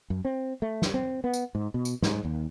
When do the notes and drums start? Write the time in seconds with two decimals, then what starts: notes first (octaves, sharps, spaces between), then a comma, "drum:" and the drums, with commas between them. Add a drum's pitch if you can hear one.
0.10 F#2
0.25 C4
0.62 A3
0.82 drum: snare
0.94 C4
1.24 B3
1.34 drum: tambourine
1.55 G#2
1.74 B2
1.85 drum: tambourine
2.02 G#2, drum: snare
2.25 D#2